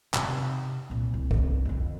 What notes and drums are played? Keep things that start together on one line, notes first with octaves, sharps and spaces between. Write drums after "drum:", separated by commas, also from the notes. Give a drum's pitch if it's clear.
C3 D#4, drum: clap
C2 A#2
C2
drum: kick
F2 D3